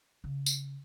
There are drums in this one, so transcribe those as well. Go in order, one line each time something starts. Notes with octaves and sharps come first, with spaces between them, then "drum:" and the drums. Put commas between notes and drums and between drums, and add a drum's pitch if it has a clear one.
C#3
drum: tambourine